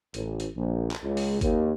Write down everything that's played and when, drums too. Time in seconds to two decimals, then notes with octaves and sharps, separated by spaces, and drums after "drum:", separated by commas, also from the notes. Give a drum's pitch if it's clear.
0.14 A1, drum: hi-hat
0.40 drum: hi-hat
0.57 A#1
0.91 drum: clap
1.03 C#2
1.17 drum: open hi-hat
1.41 D#2, drum: kick, hi-hat